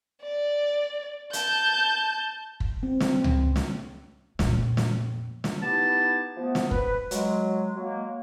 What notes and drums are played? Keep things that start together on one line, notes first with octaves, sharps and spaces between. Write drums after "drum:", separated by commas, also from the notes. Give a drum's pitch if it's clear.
D5
A5 G6, drum: hi-hat
drum: kick
C4
drum: snare
C#3, drum: tom C#2
drum: snare
F2 A#2, drum: snare
drum: snare
drum: snare
B3 D#4 E4 G4 A5
F3 A3 B3
drum: snare
B4, drum: kick
F#3 G#3, drum: hi-hat
F#3 G#3 A#3